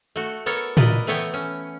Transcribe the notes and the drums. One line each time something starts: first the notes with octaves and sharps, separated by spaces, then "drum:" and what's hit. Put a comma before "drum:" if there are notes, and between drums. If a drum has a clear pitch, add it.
A3 F#4
B3 A4 A#4 C#5
E4 A#4 B4 D5 D#5, drum: tom A2
E3 A3 B3 E4 C#5 G5
C#4